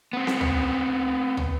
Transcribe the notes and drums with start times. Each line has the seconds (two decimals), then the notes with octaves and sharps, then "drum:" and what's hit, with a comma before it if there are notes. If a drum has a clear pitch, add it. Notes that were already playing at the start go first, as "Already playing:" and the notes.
0.13 B3 C4
0.27 drum: snare C4
0.41 drum: tom
1.37 drum: tom